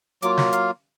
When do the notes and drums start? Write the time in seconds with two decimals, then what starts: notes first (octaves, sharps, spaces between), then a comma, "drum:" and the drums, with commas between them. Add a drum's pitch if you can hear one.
0.22 F#3 A#3 F4 D6, drum: hi-hat
0.37 drum: snare
0.52 F5, drum: hi-hat